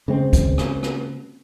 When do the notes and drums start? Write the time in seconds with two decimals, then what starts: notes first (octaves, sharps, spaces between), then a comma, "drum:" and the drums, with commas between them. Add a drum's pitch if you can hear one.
0.08 C#3 G#3 C4
0.33 drum: kick, hi-hat
0.58 drum: rim click
0.83 drum: rim click